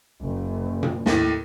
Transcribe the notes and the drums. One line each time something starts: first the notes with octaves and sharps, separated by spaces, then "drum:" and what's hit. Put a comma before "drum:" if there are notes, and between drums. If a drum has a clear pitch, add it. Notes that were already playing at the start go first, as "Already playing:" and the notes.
F#1
drum: tom A#2
D#2 A2, drum: snare